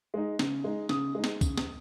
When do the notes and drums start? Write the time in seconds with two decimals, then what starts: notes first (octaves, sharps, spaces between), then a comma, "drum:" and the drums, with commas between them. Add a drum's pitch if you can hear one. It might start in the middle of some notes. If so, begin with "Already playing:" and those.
0.14 G#3 D#4
0.39 C#3, drum: snare
0.64 G#3 D#4
0.89 C#3 D#6, drum: snare
1.15 G#3 D#4
1.24 drum: snare
1.41 C#3, drum: kick, tambourine
1.58 drum: snare